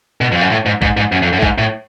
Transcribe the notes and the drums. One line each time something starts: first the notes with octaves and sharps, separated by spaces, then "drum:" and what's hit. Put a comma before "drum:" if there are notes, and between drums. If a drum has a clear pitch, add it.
B2
F2
F#2
A2
G#2
G#2, drum: kick
G#2
F#2
F2
F#2
A2
G#2, drum: kick
A2